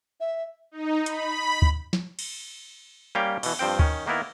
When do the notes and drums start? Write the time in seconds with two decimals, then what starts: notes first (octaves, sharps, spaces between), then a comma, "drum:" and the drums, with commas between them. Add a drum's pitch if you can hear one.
0.20 E5
0.71 D#4
1.06 B5, drum: hi-hat
1.62 drum: kick
1.93 drum: snare
2.19 drum: cymbal
3.15 G3 A#3 C#4 G4 F5 G5
3.43 B2 E3, drum: cymbal
3.59 G2 F3 C4 G5
3.79 D#3 C#4, drum: kick
4.06 D#3 A#3 B3 E4 A#4